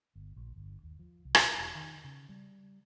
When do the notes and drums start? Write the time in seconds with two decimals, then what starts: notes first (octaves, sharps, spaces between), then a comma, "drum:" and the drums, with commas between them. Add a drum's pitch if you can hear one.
0.15 G1
0.36 A#1
0.56 G1
0.83 D#2
0.99 F3
1.25 C2
1.35 drum: rim click
1.58 E1
1.75 D#3
2.04 C#3
2.29 G3